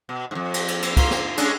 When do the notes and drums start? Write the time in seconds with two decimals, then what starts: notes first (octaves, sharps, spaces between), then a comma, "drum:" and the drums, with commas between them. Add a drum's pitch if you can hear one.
0.09 B2
0.31 F2 G#2
0.54 drum: cymbal
0.68 drum: cymbal
0.82 drum: cymbal
0.97 A#3 F4, drum: kick, cymbal
1.11 drum: snare
1.37 G#3 C#4 D4, drum: cymbal